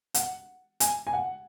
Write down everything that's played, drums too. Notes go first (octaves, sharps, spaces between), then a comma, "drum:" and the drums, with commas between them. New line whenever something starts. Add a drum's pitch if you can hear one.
F#5, drum: hi-hat
G#5, drum: hi-hat
G#5
F#5